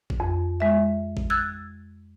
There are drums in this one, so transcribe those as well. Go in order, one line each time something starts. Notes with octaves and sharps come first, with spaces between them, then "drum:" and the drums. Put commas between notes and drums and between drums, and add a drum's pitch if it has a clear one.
drum: kick A1
F2
G#3 E5
drum: kick A1
E6 F#6 G#6 A6